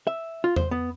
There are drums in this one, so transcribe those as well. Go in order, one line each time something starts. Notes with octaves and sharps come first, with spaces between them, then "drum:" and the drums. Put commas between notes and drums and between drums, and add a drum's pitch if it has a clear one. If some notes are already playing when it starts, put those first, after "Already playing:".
E5
F4
C5, drum: tom E2
B3